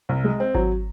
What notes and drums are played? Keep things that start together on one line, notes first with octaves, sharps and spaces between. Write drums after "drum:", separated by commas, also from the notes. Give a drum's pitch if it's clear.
C2
G#3
C4
F#3, drum: kick G#1